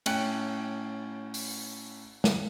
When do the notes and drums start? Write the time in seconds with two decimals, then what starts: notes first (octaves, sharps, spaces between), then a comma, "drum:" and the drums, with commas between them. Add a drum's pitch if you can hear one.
0.06 A2 C#4 G5 F#6 C#7, drum: cymbal
1.34 drum: open hi-hat
2.24 drum: snare